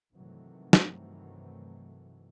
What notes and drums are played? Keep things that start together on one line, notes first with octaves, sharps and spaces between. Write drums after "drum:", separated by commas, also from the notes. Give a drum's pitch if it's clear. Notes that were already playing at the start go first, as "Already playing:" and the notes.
G2 C3 D#3 E3 F#3 A3
drum: snare